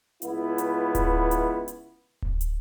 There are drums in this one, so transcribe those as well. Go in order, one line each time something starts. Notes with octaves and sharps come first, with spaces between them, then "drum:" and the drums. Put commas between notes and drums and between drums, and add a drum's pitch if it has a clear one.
C#2 B3 E4, drum: hi-hat
drum: hi-hat
drum: kick D1, hi-hat
drum: hi-hat
drum: hi-hat
drum: kick D1
drum: hi-hat